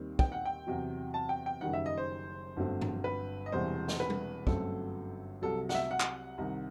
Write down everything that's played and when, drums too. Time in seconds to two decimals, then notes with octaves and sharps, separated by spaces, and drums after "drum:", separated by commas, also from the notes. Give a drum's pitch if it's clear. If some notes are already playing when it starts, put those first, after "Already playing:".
Already playing: D#2 D#3 G3 C4
0.19 G5, drum: kick
0.32 F#5
0.45 G5
0.67 E2 C3 F#3
1.14 A5
1.29 G5
1.46 G5
1.61 F#1 F#2 D#3 G3 F#5
1.73 E5
1.86 D#5
1.97 C5
2.57 G1 G2 F#3 A3 C4
2.81 drum: tom G#2
3.04 B4
3.46 D#5
3.52 E1 E2 C3 E3 G3 C5
3.88 drum: snare
4.00 B4
4.10 drum: tom
4.47 G1 F#2 F#3 A3 C4 A4, drum: kick
5.42 C2 C3 F#3 A4
5.69 F#5, drum: snare
5.75 E5
5.91 F#5
6.00 drum: clap
6.38 C2 C3 D#3